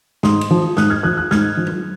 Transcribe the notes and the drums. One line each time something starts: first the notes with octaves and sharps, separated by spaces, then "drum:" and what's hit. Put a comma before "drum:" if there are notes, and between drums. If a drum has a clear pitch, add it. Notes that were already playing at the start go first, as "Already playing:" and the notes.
G#2 C6 D#6, drum: snare
drum: cymbal
F3
G#2 D#6 F#6, drum: snare
F6 G#6
F3 D#6 F#6
D#6 F#6
G#2 F6 G#6, drum: snare
F3
drum: tom F#3